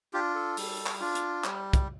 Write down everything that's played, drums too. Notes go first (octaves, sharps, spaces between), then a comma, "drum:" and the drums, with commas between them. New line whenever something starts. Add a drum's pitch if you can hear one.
D4 F4 G4
A4
G3, drum: open hi-hat
drum: clap
D4 F4
drum: hi-hat
G3, drum: clap
drum: kick, hi-hat